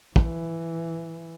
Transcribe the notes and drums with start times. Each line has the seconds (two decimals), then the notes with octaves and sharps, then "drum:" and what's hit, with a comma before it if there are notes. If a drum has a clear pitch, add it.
0.16 E3, drum: kick